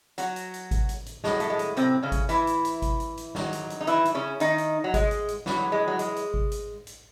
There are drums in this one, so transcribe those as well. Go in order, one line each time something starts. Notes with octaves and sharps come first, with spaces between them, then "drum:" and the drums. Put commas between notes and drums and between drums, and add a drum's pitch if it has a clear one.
F#3 F#4, drum: hi-hat
drum: hi-hat
drum: hi-hat
drum: kick G#1, hi-hat
drum: hi-hat
drum: hi-hat
A2 F#3 G#3, drum: snare
A3, drum: hi-hat
G#3
drum: hi-hat
C3 C4, drum: hi-hat
C#3 C#4
drum: kick G#1, hi-hat
E3 E4, drum: hi-hat
drum: hi-hat
drum: hi-hat
drum: kick G#1, hi-hat
drum: hi-hat
drum: hi-hat
G#2 D#3 F#3, drum: snare
drum: hi-hat
drum: hi-hat
D#4
E3 E4, drum: hi-hat
drum: hi-hat
C#3 C#4
D#3 D#4, drum: hi-hat
drum: hi-hat
F#3
G#3, drum: kick G#1, hi-hat
drum: hi-hat
drum: hi-hat
F#2 C#3 E3 F#3, drum: snare
G#3
F#3
G#3, drum: hi-hat
drum: hi-hat
drum: kick G#1
drum: hi-hat
drum: hi-hat